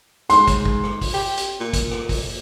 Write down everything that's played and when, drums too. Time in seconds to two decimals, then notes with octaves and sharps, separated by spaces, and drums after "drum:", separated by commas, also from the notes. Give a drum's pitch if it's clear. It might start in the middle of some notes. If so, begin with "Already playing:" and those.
0.30 G#2 C6, drum: hi-hat
0.48 drum: kick, hi-hat
0.66 drum: kick
0.84 drum: rim click
1.01 drum: kick, open hi-hat
1.14 G4
1.37 drum: hi-hat
1.60 A#2
1.73 drum: kick, hi-hat
1.91 drum: rim click
2.09 drum: kick, open hi-hat